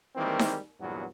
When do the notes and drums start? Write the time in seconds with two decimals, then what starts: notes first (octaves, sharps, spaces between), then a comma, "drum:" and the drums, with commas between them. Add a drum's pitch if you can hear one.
0.15 D#3 E3 G3 G#3 A#3 C4
0.39 drum: snare D#4
0.79 E2 G2 A#2 F#3 B3